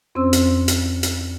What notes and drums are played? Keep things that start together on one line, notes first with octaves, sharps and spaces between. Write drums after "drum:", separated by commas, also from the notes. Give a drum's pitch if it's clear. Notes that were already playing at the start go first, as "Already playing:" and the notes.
F2 C4 C#4 C5 C6 E6
drum: hi-hat
drum: hi-hat
drum: hi-hat